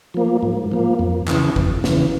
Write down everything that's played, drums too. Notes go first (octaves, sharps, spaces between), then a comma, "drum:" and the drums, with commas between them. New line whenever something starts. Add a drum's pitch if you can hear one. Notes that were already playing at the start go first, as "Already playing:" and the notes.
F3 A#3
G#2
F3 A#3
F2
C#3 E3, drum: clap
F2, drum: kick G#1
C#3 E3, drum: snare